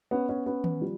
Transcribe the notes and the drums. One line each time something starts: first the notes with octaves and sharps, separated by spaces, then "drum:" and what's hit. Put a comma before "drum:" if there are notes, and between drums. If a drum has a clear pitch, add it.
B3 C#4
B3 C#4
B3 C#4
drum: tom D#3
F3 G3